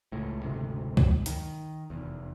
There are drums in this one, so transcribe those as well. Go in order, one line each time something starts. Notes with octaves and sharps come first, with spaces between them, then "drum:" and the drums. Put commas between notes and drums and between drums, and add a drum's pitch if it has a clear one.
C#2 A2
F#1 D2 G#2 C3
drum: kick C2
D#3, drum: hi-hat
F1 E2